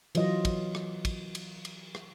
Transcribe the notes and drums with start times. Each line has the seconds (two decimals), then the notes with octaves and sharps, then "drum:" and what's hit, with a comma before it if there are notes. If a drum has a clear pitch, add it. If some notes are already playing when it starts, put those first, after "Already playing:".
0.15 E3 F#3 F4 D#5, drum: cymbal
0.45 drum: kick, cymbal
0.75 drum: rim click
1.05 drum: kick, cymbal
1.35 drum: cymbal
1.65 drum: cymbal
1.95 drum: rim click